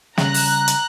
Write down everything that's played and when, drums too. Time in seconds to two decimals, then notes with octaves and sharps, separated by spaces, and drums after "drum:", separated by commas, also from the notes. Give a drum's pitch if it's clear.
0.18 C#3 G3 A#5 F#6, drum: snare
0.34 drum: open hi-hat
0.68 drum: hi-hat